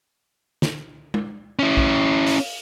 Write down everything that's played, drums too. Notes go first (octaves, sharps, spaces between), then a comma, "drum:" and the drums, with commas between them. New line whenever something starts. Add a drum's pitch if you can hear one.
drum: snare
drum: tom G#3
C#4 E4
drum: kick
drum: open hi-hat